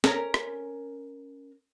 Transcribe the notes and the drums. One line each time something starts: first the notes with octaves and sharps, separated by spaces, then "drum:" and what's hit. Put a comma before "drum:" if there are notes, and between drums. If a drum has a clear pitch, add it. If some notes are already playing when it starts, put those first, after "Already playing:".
C#4 A#4, drum: snare
drum: rim click